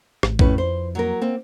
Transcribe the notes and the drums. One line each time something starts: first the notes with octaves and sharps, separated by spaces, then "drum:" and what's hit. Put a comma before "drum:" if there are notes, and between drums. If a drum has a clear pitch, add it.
A1, drum: rim click
F2 A2 C#4 B4, drum: kick
C5
F#3 A#3 A#4
A#3 C4